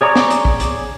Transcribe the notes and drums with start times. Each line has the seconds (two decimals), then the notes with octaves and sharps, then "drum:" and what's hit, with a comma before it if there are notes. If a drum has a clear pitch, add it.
0.01 G#4 C#5 D5 A#5 C#6
0.16 drum: snare
0.30 drum: hi-hat
0.45 drum: kick
0.60 drum: hi-hat